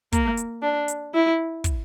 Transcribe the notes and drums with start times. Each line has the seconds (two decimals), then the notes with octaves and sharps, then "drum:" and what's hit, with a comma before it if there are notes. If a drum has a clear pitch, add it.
0.12 A#3, drum: kick, hi-hat
0.37 drum: hi-hat
0.62 D4
0.88 drum: hi-hat
1.14 E4
1.64 drum: kick, hi-hat